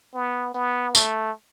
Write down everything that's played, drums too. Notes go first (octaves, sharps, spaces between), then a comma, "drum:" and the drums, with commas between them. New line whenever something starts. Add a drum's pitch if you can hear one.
B3
B3
A3, drum: tambourine